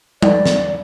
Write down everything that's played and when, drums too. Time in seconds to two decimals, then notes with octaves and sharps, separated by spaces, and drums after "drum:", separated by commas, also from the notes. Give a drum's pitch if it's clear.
0.22 D5, drum: tom G3
0.45 drum: snare